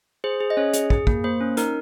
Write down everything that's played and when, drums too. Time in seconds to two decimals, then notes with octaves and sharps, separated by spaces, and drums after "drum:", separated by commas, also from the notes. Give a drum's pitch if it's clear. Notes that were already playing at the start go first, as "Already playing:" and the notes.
0.24 G#4 C5
0.41 G#4
0.50 D#5
0.57 C#4 C#5
0.73 G#4, drum: hi-hat
0.90 G#4, drum: kick
1.07 A#3, drum: kick
1.24 A#3 C5
1.41 C#4
1.57 D#4 A#4, drum: hi-hat